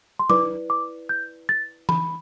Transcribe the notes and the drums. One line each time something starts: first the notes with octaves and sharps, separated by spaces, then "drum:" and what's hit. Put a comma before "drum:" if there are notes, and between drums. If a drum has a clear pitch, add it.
C6
E4 B4 D5 D6, drum: tom F#3
D6
G6
A6
B5, drum: tom E3